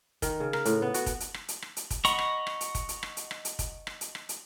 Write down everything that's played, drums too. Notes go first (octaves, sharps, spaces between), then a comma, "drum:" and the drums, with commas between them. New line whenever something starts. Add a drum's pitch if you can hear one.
D#3, drum: kick, hi-hat
C#3
A#4, drum: rim click
A2, drum: hi-hat
B3
F#4, drum: hi-hat
drum: kick, hi-hat
drum: hi-hat
drum: rim click
drum: hi-hat
drum: rim click
drum: hi-hat
drum: kick, hi-hat
D#5 F#5 A#5 B5 C#6, drum: hi-hat
drum: rim click
drum: rim click
drum: hi-hat
drum: kick, hi-hat
drum: hi-hat
drum: rim click
drum: hi-hat
drum: rim click
drum: hi-hat
drum: kick, hi-hat
drum: rim click
drum: hi-hat
drum: rim click
drum: hi-hat